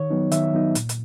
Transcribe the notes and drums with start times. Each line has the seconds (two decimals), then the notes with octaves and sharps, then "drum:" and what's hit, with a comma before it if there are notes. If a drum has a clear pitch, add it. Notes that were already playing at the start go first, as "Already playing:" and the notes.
Already playing: D#3 C#5
0.10 F#3 B3 D#4
0.32 D#3 E5, drum: hi-hat
0.53 F#3 B3 D#4
0.75 A#2, drum: hi-hat
0.89 drum: hi-hat